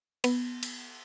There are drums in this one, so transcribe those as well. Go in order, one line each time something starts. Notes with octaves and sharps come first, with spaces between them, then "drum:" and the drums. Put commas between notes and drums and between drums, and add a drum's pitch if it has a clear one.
B3, drum: cymbal
drum: cymbal